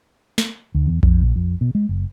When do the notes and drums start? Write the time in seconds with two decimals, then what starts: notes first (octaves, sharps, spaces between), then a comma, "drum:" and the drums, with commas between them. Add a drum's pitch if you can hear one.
0.38 drum: snare
0.75 D2
0.86 E2
1.03 F2, drum: kick A#1
1.23 A#1
1.36 F2
1.61 B2
1.75 G#3
1.89 F#1